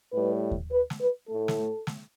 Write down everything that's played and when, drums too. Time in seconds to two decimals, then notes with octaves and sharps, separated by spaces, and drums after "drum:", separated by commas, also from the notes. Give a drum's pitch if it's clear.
0.13 A2 G3 B4
0.51 drum: kick D#2
0.71 B4
0.90 drum: snare
1.00 B4
1.28 A2 A3 A4
1.48 drum: snare
1.87 drum: snare